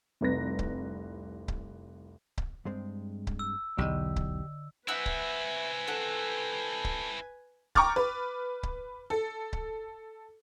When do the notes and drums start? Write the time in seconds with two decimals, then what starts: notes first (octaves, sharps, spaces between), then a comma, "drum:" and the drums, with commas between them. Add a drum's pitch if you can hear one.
0.21 F1 C2 B4 A#6
0.59 drum: kick C#1
1.48 drum: kick C#1
2.38 drum: kick C#1
2.65 G2 G#3 C4
3.27 drum: kick C#1
3.39 E6
3.78 B1 E2 D3 G4 D#5
4.16 drum: kick C#1
4.88 C4 E4 B4 E5 F#5 G#5 E6
5.06 drum: kick C#1
5.88 A4 F#5
6.84 drum: kick C#1
7.75 G5 A#5 C#6 D6 F6 A6, drum: kick C#1
7.96 B4
8.63 drum: kick C#1
9.10 A4
9.53 drum: kick C#1